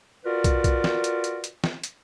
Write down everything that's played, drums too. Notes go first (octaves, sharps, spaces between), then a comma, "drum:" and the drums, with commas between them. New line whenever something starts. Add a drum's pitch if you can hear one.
F4 F#4 A#4 B4 D5
drum: kick, hi-hat
drum: kick, hi-hat
drum: snare
drum: hi-hat
drum: hi-hat
drum: hi-hat
drum: snare
drum: hi-hat